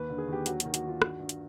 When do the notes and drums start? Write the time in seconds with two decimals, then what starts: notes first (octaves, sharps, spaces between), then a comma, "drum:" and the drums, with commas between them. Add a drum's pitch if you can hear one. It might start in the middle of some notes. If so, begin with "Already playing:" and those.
Already playing: D#2 B4
0.10 D3
0.18 G#4
0.28 D#2 G4
0.46 F#3 F#4, drum: hi-hat
0.60 D#3 F#4, drum: hi-hat
0.74 F#4, drum: hi-hat
0.84 D#3 F4
1.02 G2 F#4, drum: rim click
1.19 G2
1.29 drum: hi-hat